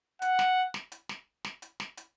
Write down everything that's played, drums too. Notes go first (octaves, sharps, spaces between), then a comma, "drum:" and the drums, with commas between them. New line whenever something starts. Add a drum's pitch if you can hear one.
F#5, drum: hi-hat
drum: snare
drum: snare
drum: hi-hat
drum: snare
drum: snare
drum: hi-hat
drum: snare
drum: hi-hat